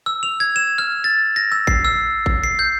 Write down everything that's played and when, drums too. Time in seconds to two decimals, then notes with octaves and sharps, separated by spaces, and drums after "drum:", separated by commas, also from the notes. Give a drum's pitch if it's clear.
0.06 E6
0.23 F7
0.40 G#6
0.56 E7
0.78 F6
1.04 A6
1.36 A#6
1.52 E6
1.67 C7, drum: kick A1
1.85 E6
2.26 drum: kick A1
2.44 C7
2.59 G6